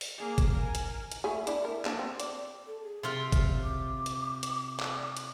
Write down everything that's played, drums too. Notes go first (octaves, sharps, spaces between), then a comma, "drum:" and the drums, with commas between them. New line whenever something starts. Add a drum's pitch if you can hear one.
drum: open hi-hat
A#3 G#4
drum: kick, hi-hat
A#4 G#5
drum: hi-hat
drum: hi-hat
A3 E4 G#4
D4 E4, drum: hi-hat
A#4
A#3 D4, drum: clap
C4
D5, drum: hi-hat
A4
G#4
C3 F4
drum: kick, hi-hat
D6
drum: hi-hat
drum: hi-hat
drum: clap
drum: hi-hat